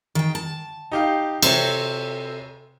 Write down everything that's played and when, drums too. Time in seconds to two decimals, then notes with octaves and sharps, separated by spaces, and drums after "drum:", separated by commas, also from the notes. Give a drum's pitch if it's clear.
0.15 D#3 G5
0.35 A5
0.92 D#4 G4 F5
1.43 C3 C4 A4 C#5, drum: cymbal